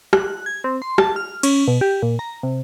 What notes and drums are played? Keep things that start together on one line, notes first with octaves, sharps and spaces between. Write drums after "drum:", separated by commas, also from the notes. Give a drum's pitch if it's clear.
F#6, drum: rim click
G#6
C4
C6
A5, drum: rim click
F6
C#4, drum: cymbal
B2
G4
A#2
A#5
C3